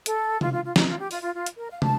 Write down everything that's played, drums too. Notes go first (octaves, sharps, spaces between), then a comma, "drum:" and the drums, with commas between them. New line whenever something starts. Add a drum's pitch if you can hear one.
A4, drum: hi-hat
F4, drum: tom
F4
F4
D#4, drum: snare
F4
G4
F4, drum: open hi-hat
F4
F4
drum: hi-hat
A#4
F5
A5, drum: tom